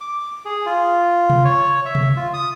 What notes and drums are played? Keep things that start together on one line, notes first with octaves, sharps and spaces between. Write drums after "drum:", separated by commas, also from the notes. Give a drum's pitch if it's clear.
D6
G#4
F4
drum: tom C3
C#5
E5
drum: tom C3
F4
D#6